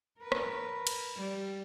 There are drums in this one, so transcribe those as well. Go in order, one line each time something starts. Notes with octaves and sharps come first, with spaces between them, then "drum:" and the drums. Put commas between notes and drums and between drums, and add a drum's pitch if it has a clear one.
A#4 B4
drum: rim click
drum: cymbal
G3